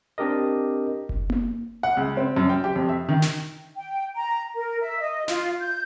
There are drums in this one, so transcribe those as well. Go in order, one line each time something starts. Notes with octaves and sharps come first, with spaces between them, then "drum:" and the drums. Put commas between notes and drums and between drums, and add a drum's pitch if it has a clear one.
C4 D4 G4 A#4 D#5
drum: kick F#1
drum: tom A#3
F#5
C#2
C4
F#2
G5
G4
F2
E5
D#3
drum: snare
G5
A#5
A#4
E5
D#5
F4, drum: snare
G6